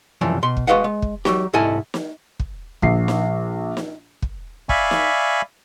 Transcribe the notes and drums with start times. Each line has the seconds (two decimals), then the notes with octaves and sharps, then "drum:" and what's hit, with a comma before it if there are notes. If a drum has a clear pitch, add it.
0.21 C2 F#2 E3 F3
0.43 B2 C6
0.57 drum: kick
0.67 G#3 F#4 B4 D#5 F5 F#5
0.84 G#3
1.02 drum: kick
1.25 F#3 A#3 F#4 G4, drum: snare
1.53 C2 G#2 E4 A4 D#5 G#5
1.94 drum: snare
2.40 drum: kick
2.82 A#1 C7, drum: kick
3.08 drum: snare
3.77 drum: snare
4.22 drum: kick
4.69 D5 E5 F5 G#5 B5 C#6, drum: kick
4.91 drum: snare